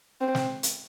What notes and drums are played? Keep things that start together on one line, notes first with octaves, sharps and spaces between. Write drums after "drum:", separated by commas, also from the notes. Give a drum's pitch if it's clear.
C4
drum: snare
drum: hi-hat